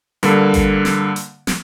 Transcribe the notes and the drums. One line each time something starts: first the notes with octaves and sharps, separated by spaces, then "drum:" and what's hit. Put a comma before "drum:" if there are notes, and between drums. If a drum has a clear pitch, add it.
G2 D3 A#3, drum: hi-hat
drum: kick G#1, hi-hat
drum: snare
drum: hi-hat
drum: snare